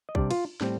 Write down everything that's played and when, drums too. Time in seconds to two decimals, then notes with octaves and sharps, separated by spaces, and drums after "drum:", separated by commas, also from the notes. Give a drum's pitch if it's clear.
0.09 D#5
0.15 C3 G3 D4 D5, drum: kick A#1
0.31 F4, drum: cymbal
0.61 A2 G3 C4, drum: snare